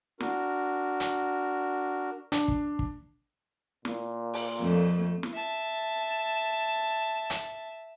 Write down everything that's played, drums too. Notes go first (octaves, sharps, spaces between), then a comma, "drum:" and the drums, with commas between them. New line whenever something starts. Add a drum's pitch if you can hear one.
D4 F#4 A#4, drum: snare
drum: hi-hat
D4, drum: hi-hat
drum: kick
drum: kick
A#2, drum: snare
drum: open hi-hat
F2 A3
drum: snare
E5 A5
drum: hi-hat